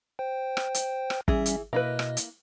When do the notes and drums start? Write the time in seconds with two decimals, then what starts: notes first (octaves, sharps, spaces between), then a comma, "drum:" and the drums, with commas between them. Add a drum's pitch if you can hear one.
0.19 C5 G5
0.57 drum: rim click
0.74 drum: hi-hat
1.10 drum: rim click
1.28 E3 G3 C#4 G#4 E5, drum: kick
1.46 drum: hi-hat
1.73 B2 A#3 E4 B4 D#5
1.99 drum: rim click
2.17 drum: hi-hat